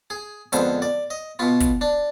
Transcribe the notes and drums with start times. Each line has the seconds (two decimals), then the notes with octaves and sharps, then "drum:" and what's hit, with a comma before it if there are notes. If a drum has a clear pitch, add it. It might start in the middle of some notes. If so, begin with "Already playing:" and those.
0.10 G#4
0.52 F2 D3 G#3 B3 C5, drum: hi-hat
0.82 D5
1.10 D#5
1.39 B2 B3 F4
1.60 drum: kick, hi-hat
1.81 D4